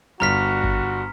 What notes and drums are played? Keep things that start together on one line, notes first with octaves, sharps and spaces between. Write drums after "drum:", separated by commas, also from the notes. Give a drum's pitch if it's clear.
G1 G3 F#4 A#5 F6 B6
drum: kick G#1